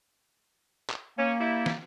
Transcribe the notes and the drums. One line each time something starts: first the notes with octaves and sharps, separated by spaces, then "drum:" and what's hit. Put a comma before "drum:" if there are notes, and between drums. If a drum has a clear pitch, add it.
drum: clap
A#3 C#4
G3 E4
drum: snare